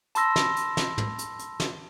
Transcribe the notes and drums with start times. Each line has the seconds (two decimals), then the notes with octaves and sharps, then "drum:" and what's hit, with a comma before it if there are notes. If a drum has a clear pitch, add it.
0.15 A5 B5 C6 E6 A#6, drum: hi-hat
0.36 drum: snare
0.56 drum: hi-hat
0.77 drum: snare
0.98 drum: tom
1.18 drum: hi-hat
1.39 drum: hi-hat
1.60 drum: snare